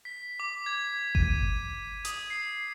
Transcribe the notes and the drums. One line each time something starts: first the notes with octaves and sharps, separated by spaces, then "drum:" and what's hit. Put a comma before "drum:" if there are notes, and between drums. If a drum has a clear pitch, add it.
B6
D6
G#6
D#7, drum: kick G1
D#6, drum: hi-hat
C7